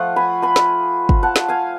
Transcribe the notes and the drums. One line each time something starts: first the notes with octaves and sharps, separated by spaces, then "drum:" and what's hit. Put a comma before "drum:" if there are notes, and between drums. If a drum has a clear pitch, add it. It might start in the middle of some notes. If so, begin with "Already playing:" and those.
Already playing: F3 A3 F4 F#5
G#5 B5
G#5 B5
drum: snare
drum: kick
F#5 A5
drum: snare
F5 G#5